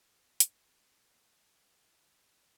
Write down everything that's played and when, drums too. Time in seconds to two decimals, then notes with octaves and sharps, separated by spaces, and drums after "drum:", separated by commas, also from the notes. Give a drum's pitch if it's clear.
0.01 C5
0.40 E7, drum: hi-hat
0.91 D#3
1.12 A#2
1.81 A#4